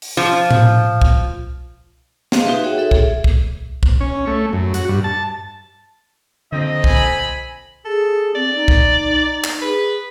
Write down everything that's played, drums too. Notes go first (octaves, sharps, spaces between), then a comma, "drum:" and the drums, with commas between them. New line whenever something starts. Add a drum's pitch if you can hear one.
drum: open hi-hat
F3
drum: tom A2
drum: kick B1
G#4 D#5 F5 C6, drum: snare
D#4 F#4 G4 B4 E5
F#4 G#4 C#5 E5 F#5 G5
A4 E5
G#4, drum: kick B1
drum: kick B1
drum: kick B1
C#4
A3
F#2
F#4, drum: hi-hat
G2
A5
F2 A#2 D3 C4 D#5
G#5 B5, drum: kick B1
G#4 A4
C4 D5
D#4
drum: kick B1
drum: clap
G#4 B4